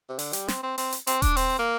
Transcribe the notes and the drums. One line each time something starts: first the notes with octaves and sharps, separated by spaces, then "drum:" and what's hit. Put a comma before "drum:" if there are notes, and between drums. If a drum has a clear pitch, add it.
C3
D3, drum: open hi-hat
G3, drum: hi-hat
C4, drum: snare
C4
C4, drum: open hi-hat
drum: hi-hat
C4, drum: hi-hat
D4, drum: kick D#1, hi-hat
C4, drum: open hi-hat
A#3